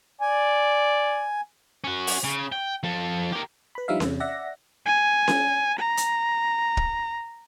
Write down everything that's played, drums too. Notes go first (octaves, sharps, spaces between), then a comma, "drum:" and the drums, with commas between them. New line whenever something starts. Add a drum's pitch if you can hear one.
D5 G#5
C#4 F#4
drum: open hi-hat
C#3
G5
F3 A4
G4 A#4
B4 B5
F3 G3 D4 D#4 E5 F5
E2 C3, drum: snare C#4
D5 E5 F#5 A#6
G#5
drum: snare C#4
A#5
drum: hi-hat
drum: kick